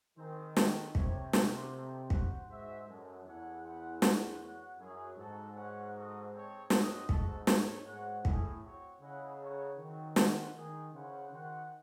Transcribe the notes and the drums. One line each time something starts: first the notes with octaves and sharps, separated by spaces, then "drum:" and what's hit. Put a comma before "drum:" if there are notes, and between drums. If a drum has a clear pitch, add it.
D#3 C4 D#4 G#4 C5
A3 C#4 F#4 A4 C5, drum: snare
C3 D#4 A4 C#5, drum: kick
G#3 C4 F#4 C5 E5, drum: snare
A3 D#4 A4 C5
F#4 C5 F#5, drum: kick
G#2 F#4 C5 E5
F#2 G#3 D#4 A4
E2 C#4 E4 A4 C#5 F#5
E4 C5 F#5
F#4 C5 F#5, drum: snare
F#4 C#5 F#5
F#2 C#4 E4 G#4
G#2 D#4 F#4 A4
C#4 F#4 C#5 F#5
F#4 A4 D#5
C4 D#4 A4 C#5
F#2 C4 F#4 C5 D#5, drum: snare
G#2 A3 D#4 F#4 A4, drum: kick
D#4 A4 C#5, drum: snare
G#2 F#4 C#5 F#5
A2 C#4 E4 G#4, drum: kick
C4 F#4 C#5
C#3 E4 G#4 D#5 F#5
D#4 A4 C#5 F#5
D#3 C4 F#4 C#5
C#4 G#4 C5 F#5, drum: snare
D#3 G#3 D#4 G#4
C#3 C#4 E4 C5 F#5
D#3 F#4 C5 F#5